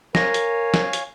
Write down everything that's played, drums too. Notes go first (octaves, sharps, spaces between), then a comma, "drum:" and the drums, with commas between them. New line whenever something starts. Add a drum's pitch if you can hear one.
A#4 C#5 F5 G#5 A#6, drum: snare
drum: hi-hat
drum: snare
drum: hi-hat